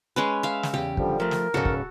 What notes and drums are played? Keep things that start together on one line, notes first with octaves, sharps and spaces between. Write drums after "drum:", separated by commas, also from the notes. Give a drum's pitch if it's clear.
G#3 C#4 B4
E5 F5
drum: snare
E2 C#3 G4
D3 F3 G3, drum: kick
F3 A3 A#4
drum: snare
C#2 G#2 C#3 F#4 A4
drum: kick